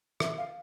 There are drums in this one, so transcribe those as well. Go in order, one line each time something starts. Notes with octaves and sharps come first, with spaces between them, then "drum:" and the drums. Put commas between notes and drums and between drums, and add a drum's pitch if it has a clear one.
E5, drum: rim click
F5